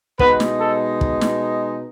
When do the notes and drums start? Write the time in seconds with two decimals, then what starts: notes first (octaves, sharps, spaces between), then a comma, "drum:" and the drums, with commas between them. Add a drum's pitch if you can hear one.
0.19 B2 G#3 D#4 B4, drum: kick
0.40 drum: snare
0.60 A4
1.01 drum: kick
1.21 drum: snare